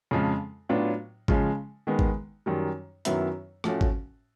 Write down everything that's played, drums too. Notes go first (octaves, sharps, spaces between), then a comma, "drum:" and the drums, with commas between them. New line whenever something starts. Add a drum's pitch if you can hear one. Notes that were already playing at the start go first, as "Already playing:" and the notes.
F2 C#3 F3 G#3
A2 F#3 B3 D4 F4
C#3 F3 G#3, drum: kick G#1
D#3 G#3 B3
drum: kick G#1
F#2 D#3 G3
F#2 D#3 F#3 B3 E4, drum: hi-hat
A2 F3 A3 C#4 F#4, drum: rim click
drum: kick G#1